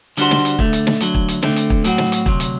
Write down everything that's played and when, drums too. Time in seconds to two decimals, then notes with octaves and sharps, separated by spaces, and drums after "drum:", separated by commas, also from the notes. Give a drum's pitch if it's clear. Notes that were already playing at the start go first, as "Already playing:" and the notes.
0.17 D3 G3 D4 F#4 C5, drum: hi-hat
0.31 drum: snare
0.45 drum: hi-hat
0.59 D2 D3 A3, drum: kick
0.73 drum: hi-hat
0.87 drum: snare
1.00 D2 D3 F#3, drum: hi-hat
1.15 drum: kick
1.28 drum: hi-hat
1.43 D3 A3 C4, drum: snare
1.56 drum: hi-hat
1.70 drum: kick
1.84 A2 F#3 C4 F#4, drum: hi-hat
1.98 drum: snare
2.12 drum: hi-hat
2.26 D2 C3 F#3, drum: kick
2.40 drum: hi-hat